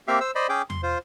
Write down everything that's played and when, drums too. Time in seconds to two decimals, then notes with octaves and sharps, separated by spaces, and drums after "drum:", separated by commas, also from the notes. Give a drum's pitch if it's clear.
0.08 A#3 C4 G4 E5 F5
0.20 C5 E6
0.35 C5 D5 D#5 B5
0.49 C#4 G#4 G5 D6
0.70 C6, drum: tom E2
0.83 F4 C5